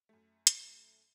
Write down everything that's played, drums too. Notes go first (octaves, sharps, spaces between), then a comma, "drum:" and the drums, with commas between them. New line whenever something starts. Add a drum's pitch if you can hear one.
F#2 A3
drum: hi-hat